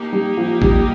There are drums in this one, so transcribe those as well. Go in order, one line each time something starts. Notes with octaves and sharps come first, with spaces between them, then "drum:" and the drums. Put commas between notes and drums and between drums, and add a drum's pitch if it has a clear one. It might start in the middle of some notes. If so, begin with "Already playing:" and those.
Already playing: A#3 D#4 G4
G3
F3
G3, drum: kick A1